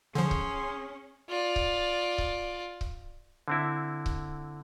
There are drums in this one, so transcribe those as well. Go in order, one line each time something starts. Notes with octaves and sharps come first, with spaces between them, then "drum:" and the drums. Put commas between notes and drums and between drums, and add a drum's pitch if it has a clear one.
D3 F3 C#4 G#4 C6
drum: kick C#1
F4 D5
drum: kick C#1
drum: kick C#1
drum: kick C#1
D3 C4 E4
drum: kick C#1